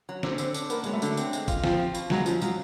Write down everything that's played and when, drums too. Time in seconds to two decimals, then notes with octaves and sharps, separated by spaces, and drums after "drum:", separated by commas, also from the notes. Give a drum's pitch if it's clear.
0.09 F#3
0.23 D3 C4, drum: snare
0.32 C#4
0.38 D3 C4, drum: tambourine
0.54 D4, drum: tambourine
0.70 A#3 B3, drum: tambourine
0.84 F#3 G#3, drum: tambourine
0.93 A3
1.02 D3, drum: tambourine
1.17 C4, drum: tambourine
1.33 G#3, drum: tambourine
1.48 F4, drum: kick, tambourine
1.64 F3 C4, drum: snare
1.79 F4
1.95 B2, drum: tambourine
2.10 F#3 G#3, drum: snare
2.26 F3 C#4, drum: tambourine
2.42 F3 F#3, drum: tambourine